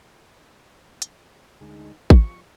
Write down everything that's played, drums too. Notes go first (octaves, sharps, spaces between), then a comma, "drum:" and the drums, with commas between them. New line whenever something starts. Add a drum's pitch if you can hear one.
drum: hi-hat
D2 G#3 D#4
F3 G4 C#6, drum: kick